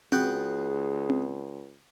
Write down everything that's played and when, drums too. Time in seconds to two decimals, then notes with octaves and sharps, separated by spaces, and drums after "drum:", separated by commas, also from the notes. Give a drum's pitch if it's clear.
0.12 C#2 B3 F#4 G#4 G5, drum: tom C4
1.10 drum: tom C4